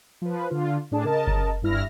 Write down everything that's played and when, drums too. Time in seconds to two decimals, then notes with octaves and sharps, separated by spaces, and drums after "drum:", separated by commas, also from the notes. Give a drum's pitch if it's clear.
0.22 F3 B4
0.50 D3 F4
0.91 A2 D4 G#4 A5
1.04 C#3 A#4 D#5 A5
1.27 drum: kick F#1
1.62 G1 G2 E4 F6 A#6